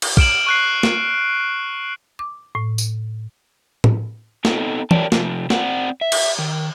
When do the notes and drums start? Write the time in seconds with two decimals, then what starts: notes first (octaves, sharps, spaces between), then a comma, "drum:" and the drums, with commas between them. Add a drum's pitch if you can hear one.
0.02 drum: cymbal
0.17 F6 D7 E7 F#7, drum: kick
0.47 C#6 F#6 C7
0.83 drum: snare
2.19 D6
2.55 A2
2.78 drum: tambourine
3.84 drum: tom
4.45 B3 C4 D#4 A4, drum: snare
4.91 G4 A#4 C#5 D5 G5 A5, drum: tom
5.12 C3 F3, drum: snare
5.50 C4 C5 D5 F#5, drum: snare
6.01 E5
6.12 drum: cymbal
6.39 D#3